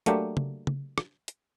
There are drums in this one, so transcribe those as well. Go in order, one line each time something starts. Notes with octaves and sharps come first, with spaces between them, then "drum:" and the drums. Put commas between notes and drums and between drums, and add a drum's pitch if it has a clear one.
F#3 A3 A#3 D4 G4, drum: hi-hat
drum: tom C#3
drum: tom C#3
drum: rim click
drum: hi-hat